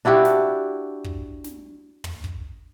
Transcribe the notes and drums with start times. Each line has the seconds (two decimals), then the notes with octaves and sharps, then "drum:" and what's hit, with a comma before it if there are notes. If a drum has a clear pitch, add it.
0.05 D4 E4 F#4 G4
0.25 drum: snare
1.04 drum: kick
1.44 drum: snare
2.04 drum: tom
2.24 drum: kick